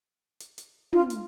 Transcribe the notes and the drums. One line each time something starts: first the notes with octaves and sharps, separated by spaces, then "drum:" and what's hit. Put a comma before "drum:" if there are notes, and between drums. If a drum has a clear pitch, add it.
drum: hi-hat
drum: hi-hat
F4, drum: tom
drum: hi-hat